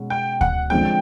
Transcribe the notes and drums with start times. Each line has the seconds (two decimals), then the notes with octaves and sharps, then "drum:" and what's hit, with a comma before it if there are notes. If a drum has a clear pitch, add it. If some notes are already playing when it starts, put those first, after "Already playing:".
Already playing: B2 G#3 C#4 F#4
0.10 G5
0.41 F#5, drum: kick D2
0.70 D3 F3 G#3 C4 G5